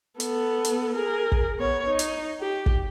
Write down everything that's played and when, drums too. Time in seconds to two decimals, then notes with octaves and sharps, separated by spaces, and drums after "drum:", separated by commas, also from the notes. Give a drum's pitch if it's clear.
0.20 B3 A4, drum: hi-hat
0.65 drum: hi-hat
0.95 G#4 A#4
1.32 drum: kick
1.58 B3 C#5
1.89 D#4
1.99 drum: hi-hat
2.40 G4
2.66 drum: kick